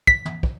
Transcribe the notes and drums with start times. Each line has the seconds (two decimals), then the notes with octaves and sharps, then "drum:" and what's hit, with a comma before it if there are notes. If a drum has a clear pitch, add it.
0.07 B6, drum: kick
0.25 drum: tom
0.43 drum: kick